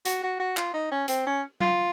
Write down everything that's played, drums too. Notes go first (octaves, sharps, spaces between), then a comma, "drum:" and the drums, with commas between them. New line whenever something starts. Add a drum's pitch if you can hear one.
F#4, drum: hi-hat
F#4
F#4
F4, drum: clap
D#4
C#4
C4, drum: hi-hat
C#4
F4, drum: tom F#3